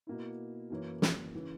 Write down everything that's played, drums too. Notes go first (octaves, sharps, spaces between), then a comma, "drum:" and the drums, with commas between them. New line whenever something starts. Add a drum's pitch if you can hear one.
B2 A#3 E4
F#2 E3 A#3 C#4 E4
drum: snare
C#3 E3